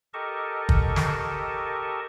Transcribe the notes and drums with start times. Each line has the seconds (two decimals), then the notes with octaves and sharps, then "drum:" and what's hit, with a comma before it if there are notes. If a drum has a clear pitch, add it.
0.14 G4 A4 A#4 D#5 A5 C#6
0.69 drum: kick
0.96 drum: snare